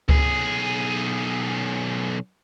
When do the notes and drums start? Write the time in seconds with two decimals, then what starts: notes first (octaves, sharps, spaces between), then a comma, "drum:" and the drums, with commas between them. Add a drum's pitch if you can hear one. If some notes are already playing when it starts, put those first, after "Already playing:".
0.09 B1 G#4, drum: kick C#2